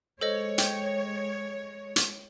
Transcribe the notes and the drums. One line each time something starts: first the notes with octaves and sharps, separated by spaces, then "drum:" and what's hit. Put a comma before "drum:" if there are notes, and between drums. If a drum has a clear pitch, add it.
G#3 A4 C5 C#5 D#5
G5 G6, drum: hi-hat
drum: hi-hat